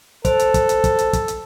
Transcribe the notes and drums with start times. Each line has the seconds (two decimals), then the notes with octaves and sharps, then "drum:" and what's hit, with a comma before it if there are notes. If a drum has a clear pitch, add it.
0.25 A4 C5, drum: kick, hi-hat
0.39 drum: hi-hat
0.54 drum: kick, hi-hat
0.69 drum: hi-hat
0.84 drum: kick, hi-hat
0.99 drum: hi-hat
1.13 drum: kick, hi-hat
1.28 drum: hi-hat